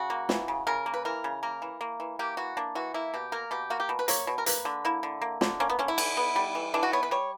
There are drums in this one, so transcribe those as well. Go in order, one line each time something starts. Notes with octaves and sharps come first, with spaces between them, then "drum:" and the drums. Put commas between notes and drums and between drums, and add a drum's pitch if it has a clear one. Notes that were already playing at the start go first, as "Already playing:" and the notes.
Already playing: C#3 F#4
A#3
E3, drum: snare
C#3
C#3 A#4
A#3
B4
E3 A#4
C#3
A#3 A#4
E3
A#3
E3
A#3 G4
E3 F#4
A#3 D4
E3 F#4
A#3 E4
B2 G4
A#3 A#4
B2 G4
A#3 F#4
G4
B2
B4
A#3 C#5, drum: hi-hat
B2
A#4
A#3 B4, drum: hi-hat
D3
A#3 E4
D3
A#3
D3, drum: snare
A#3 C#4
B3
D3 C#4
E4
E3, drum: cymbal
B3
G3
E3
E3 D4
F#4
B3 C#5
B4
G3 C#5